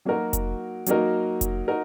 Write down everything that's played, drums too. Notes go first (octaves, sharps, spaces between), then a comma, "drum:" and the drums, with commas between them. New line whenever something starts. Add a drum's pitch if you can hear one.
F#3 A#3 D#4 F#4 A#4
drum: kick F1, hi-hat
F#3 A#3 D#4 F#4 A#4, drum: hi-hat
drum: kick F1, hi-hat
D#4 F#4 A#4